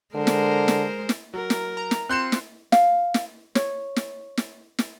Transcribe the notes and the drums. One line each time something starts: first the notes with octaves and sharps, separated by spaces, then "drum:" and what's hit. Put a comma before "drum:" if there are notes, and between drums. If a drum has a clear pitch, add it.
D3 G#3 A#4 C5
drum: snare
drum: snare
drum: snare
F#3 A#4
drum: snare
A#5
drum: snare
C4 F4 C6 F#6 G6 C#7 E7
drum: snare
F5, drum: snare
drum: snare
C#5, drum: snare
drum: snare
drum: snare
drum: snare